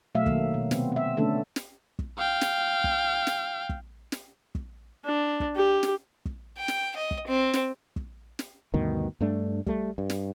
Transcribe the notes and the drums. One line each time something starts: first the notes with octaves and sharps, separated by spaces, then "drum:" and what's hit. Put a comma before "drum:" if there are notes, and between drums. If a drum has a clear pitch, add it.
B2 F#3 A3 E5 F5
D#3 F#3 A#3, drum: kick
B2
C3 B3 C4, drum: snare
C4 E5
D3 A3 B3 C#4 D4 A4
drum: snare
drum: kick
F5 G5
drum: snare
drum: kick
drum: snare
drum: kick
drum: snare
drum: kick
D4
drum: kick
G4
drum: snare
drum: kick
G5
drum: snare
D#5
drum: kick
C4
drum: snare
drum: kick
drum: snare
D2 G2 B2 D#3
G2 A3 D4
G3 A3, drum: kick
G2
drum: snare